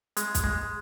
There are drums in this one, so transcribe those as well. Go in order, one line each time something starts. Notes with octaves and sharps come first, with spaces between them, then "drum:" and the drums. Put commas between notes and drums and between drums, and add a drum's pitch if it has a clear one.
G#3, drum: hi-hat
drum: kick, hi-hat
G#3